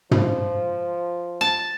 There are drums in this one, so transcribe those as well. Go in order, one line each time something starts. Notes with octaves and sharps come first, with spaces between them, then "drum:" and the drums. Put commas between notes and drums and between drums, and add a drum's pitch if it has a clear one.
F3, drum: tom
A5